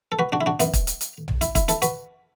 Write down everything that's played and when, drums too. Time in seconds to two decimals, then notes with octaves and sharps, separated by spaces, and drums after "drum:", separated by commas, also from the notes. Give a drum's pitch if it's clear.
0.12 A4
0.19 F#4 B4
0.32 D4 F#4
0.41 E4
0.46 D4 F#4
0.60 F#2 E3 B3, drum: hi-hat
0.73 drum: kick, hi-hat
0.87 drum: hi-hat
1.01 drum: hi-hat
1.28 drum: tom B1
1.41 E4, drum: hi-hat
1.55 E4, drum: kick, hi-hat
1.68 E4 A4, drum: hi-hat
1.82 F#4 B4, drum: hi-hat